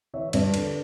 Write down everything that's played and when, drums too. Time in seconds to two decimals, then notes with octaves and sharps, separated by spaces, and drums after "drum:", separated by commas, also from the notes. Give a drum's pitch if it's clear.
0.14 E3 C#5 E5
0.28 E5
0.33 G2 B4 D5, drum: cymbal
0.54 D3, drum: cymbal